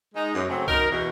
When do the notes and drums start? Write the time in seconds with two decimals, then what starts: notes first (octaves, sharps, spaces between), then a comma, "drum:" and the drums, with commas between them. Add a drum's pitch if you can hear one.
0.15 G#3 D#4
0.34 F#2
0.48 C#3 F#3 A3 C4
0.68 F#2 D#4 A#4, drum: kick C2
0.91 E2 B2